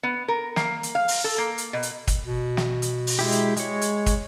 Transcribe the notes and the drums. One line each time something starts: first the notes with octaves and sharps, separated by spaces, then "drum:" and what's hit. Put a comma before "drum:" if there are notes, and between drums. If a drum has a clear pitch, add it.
B3
A#4
A#3, drum: snare
drum: hi-hat
F5
drum: open hi-hat
A4
A#3
drum: hi-hat
B2
drum: hi-hat
drum: kick, hi-hat
B2
drum: snare
drum: hi-hat
drum: open hi-hat
G#3 E4 G4
drum: hi-hat
G#3 C#5, drum: hi-hat
drum: hi-hat
drum: kick, hi-hat